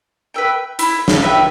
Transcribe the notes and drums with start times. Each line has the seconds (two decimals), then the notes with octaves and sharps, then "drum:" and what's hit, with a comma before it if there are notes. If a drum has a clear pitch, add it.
0.34 B4 E5 G5
0.79 E4, drum: hi-hat
1.08 drum: snare
1.22 B4 E5 G5